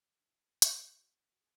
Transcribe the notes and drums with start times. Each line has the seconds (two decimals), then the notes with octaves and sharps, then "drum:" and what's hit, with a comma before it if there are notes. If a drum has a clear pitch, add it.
0.21 D4
0.27 E4
0.62 G#4, drum: hi-hat
0.79 G#4
0.98 F#4
1.32 F#4
1.40 G#4